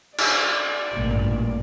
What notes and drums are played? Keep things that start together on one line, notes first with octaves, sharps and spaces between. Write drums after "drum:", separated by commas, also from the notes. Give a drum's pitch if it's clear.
D5, drum: cymbal
A1 G2 A#2